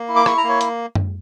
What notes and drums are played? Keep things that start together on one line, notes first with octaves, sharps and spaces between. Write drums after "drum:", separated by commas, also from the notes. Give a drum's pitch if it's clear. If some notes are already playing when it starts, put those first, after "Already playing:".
Already playing: A#3
E4
D6
E4 C#6, drum: rim click
A#5
A#3 C#5
drum: hi-hat
drum: tom F#2